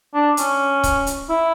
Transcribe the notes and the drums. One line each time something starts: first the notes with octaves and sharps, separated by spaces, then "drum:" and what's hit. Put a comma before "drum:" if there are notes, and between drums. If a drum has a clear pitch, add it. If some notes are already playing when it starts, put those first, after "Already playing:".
D4
C#4, drum: hi-hat
drum: kick C#1, hi-hat
drum: hi-hat
E4